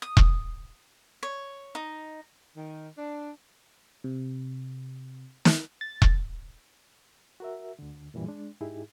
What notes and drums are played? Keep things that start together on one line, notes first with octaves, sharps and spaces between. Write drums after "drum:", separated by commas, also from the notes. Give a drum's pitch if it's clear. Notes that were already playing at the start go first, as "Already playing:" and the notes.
D#6
drum: kick E1
C#5
D#4
D#3
D4
C3
drum: snare
A6
drum: kick E1
F#4 A#4 E5
D2 D3
F#2 A#2 E3 G3
G#3 D4
G#2 D#4 E4 G4 G#4